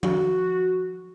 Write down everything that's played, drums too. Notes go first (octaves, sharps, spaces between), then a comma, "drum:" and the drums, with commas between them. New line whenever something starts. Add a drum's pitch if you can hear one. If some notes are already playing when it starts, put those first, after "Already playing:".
F#4, drum: tom F3